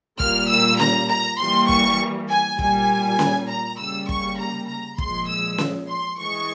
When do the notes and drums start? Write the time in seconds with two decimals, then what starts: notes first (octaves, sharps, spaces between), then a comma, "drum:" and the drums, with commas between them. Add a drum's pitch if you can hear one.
0.20 A#2 G3 A#3 F6, drum: kick
0.50 E6
0.80 A#5, drum: snare C#4
1.10 A#5
1.39 E3 G3 A#3 C6
1.69 C#6, drum: kick
2.29 G#5
2.59 A#2 G3 A#3 G#5, drum: kick
3.19 drum: snare C#4
3.48 A#5
3.78 C#3 G3 A#3 E6
4.09 C#6, drum: kick
4.39 A#5
4.68 A#5
4.98 A#2 F3 G#3 C6, drum: kick
5.29 E6
5.58 drum: snare C#4
5.88 C6
6.18 E3 G#3 C#6